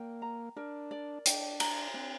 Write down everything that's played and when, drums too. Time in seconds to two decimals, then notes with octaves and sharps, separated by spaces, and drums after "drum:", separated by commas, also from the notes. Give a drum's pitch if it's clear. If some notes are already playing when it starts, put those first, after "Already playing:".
Already playing: A#3 D5 G5
0.22 A#5
0.57 D4 A#4
0.91 D5
1.26 D4 G5, drum: hi-hat
1.60 A#5, drum: cymbal
1.94 C4 D4